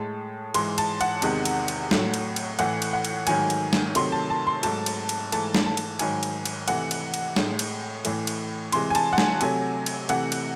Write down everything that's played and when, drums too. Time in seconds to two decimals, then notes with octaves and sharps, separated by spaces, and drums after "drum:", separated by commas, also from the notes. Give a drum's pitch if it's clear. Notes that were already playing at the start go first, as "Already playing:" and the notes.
Already playing: A2 G#3 A5
0.54 G#2 E3 G#3 C6, drum: cymbal
0.78 A5, drum: cymbal
1.01 F#5, drum: cymbal
1.22 E2 C3 D#3 G#3, drum: cymbal
1.45 drum: cymbal
1.68 drum: cymbal
1.91 A2 F#3 A3, drum: snare
2.14 drum: cymbal
2.36 drum: cymbal
2.59 A2 E3 A3 F#5, drum: cymbal
2.82 drum: cymbal
2.93 F#5
3.05 drum: cymbal
3.27 G#2 D#3 F#3 A3 G#5, drum: cymbal
3.50 drum: cymbal
3.73 drum: snare
3.95 C3 D#3 F#3 A3 C6, drum: cymbal
4.12 A5
4.30 A5
4.47 C6
4.63 G#2 F#3 A3 A5, drum: cymbal
4.86 drum: cymbal
5.09 drum: cymbal
5.32 G#2 E3 A3 A5, drum: cymbal
5.55 drum: snare
5.66 A5
5.77 drum: cymbal
5.99 G#2 D#3 F#3 G#5, drum: cymbal
6.23 drum: cymbal
6.45 drum: cymbal
6.68 C3 E3 A3 F#5, drum: cymbal
6.91 drum: cymbal
7.14 drum: cymbal
7.36 A2 G#3, drum: snare
7.59 drum: cymbal
8.05 A2 E3 A3, drum: cymbal
8.27 drum: cymbal
8.72 C3 E3 G#3 C6, drum: cymbal
8.90 G#5
8.95 A5, drum: cymbal
9.13 F#5
9.18 G#5, drum: snare
9.41 C3 F#3 A3 G#5, drum: cymbal
9.86 drum: cymbal
10.09 C3 E3 A3 F#5, drum: cymbal
10.32 drum: cymbal